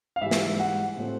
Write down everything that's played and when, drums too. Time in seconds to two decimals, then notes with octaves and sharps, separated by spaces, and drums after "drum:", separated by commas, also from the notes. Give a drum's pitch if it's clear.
0.16 F5
0.21 G#2 E3 G3 E5
0.31 drum: snare
0.60 F#5
0.97 A2 F3 A3 C4